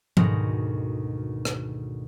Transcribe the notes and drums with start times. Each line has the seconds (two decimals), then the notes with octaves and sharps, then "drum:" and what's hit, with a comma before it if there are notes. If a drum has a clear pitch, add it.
0.17 D2 G#2 B2 D#3 F#4 A#4, drum: tom
1.45 drum: rim click